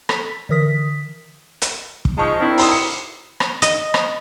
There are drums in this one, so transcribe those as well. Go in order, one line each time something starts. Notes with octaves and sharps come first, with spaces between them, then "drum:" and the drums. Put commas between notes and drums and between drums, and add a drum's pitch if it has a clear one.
A4 B6, drum: rim click
D3 E3 A#4 D#6 B6
drum: hi-hat
drum: kick
F3 G#3 D#4 A5 C#6
D#3 C4 D4 E4
A#5 C6 D#6, drum: open hi-hat
C#7
drum: rim click
D#5, drum: hi-hat
drum: rim click